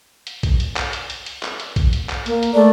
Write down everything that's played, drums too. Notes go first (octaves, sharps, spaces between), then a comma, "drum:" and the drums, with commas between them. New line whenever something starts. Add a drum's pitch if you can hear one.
drum: hi-hat
drum: kick A#1, hi-hat
drum: hi-hat
drum: clap
drum: hi-hat
drum: hi-hat
drum: hi-hat
drum: clap
drum: hi-hat
drum: kick A#1, hi-hat
drum: hi-hat
drum: clap
A#3, drum: hi-hat
drum: hi-hat
A3 D5